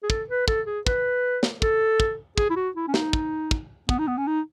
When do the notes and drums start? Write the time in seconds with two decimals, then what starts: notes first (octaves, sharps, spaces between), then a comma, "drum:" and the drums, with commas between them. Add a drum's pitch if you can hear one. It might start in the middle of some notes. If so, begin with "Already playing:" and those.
0.03 G#4
0.10 A4, drum: kick
0.30 B4
0.48 A4, drum: kick
0.66 G#4
0.87 B4, drum: kick
1.43 drum: snare
1.62 A4, drum: kick
2.00 drum: kick
2.38 G#4, drum: kick
2.50 E4
2.56 F#4
2.76 E4
2.88 C#4
2.94 D#4, drum: snare
3.13 drum: kick
3.51 drum: kick
3.89 B3, drum: kick
3.99 D#4
4.07 B3
4.18 C#4
4.27 D#4